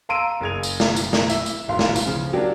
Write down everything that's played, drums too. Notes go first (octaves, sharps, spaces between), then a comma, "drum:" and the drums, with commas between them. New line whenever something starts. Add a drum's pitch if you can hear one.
F5 A#5 C6 E6 D7 D#7
F#1 G#4 G#6 F7
drum: tambourine
drum: snare
drum: tambourine
drum: snare
E5, drum: tambourine
drum: tambourine
D1 G#1 F5 C6
drum: snare
drum: tambourine
C#3 F3
F#3 A#3 D4 G4